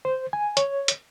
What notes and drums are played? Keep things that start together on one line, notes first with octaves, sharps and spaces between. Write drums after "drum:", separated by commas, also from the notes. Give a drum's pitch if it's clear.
C5
G#5
C#5, drum: hi-hat
drum: hi-hat